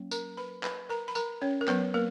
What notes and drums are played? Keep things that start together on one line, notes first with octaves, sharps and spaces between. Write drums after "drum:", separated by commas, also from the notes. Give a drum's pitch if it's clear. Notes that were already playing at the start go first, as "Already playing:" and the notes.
Already playing: F#3 A#3 C#4
A#4 A#5, drum: tambourine
B4 B5
B4 B5, drum: clap
A#4 A#5
B5
A#4 A#5, drum: tambourine
C#4 C#5
A#4
F#3 B3 B4, drum: clap
A#3 A#4